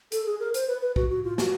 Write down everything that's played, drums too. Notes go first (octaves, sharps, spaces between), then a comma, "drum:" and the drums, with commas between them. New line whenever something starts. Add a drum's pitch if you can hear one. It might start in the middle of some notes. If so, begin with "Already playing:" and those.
A4, drum: hi-hat
G#4
A#4
C5, drum: hi-hat
B4
B4
F#4, drum: kick
F#4
F4
G4, drum: snare
F#4